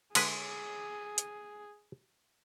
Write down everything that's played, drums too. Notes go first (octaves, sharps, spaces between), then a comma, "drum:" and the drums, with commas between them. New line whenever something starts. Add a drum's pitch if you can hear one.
D3 G#3 G#4 B4, drum: cymbal
drum: hi-hat